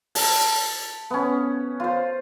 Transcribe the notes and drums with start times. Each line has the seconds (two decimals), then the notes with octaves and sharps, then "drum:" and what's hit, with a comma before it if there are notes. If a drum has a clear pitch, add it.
0.15 A5, drum: open hi-hat
1.10 B3 C#4
1.80 F4 C5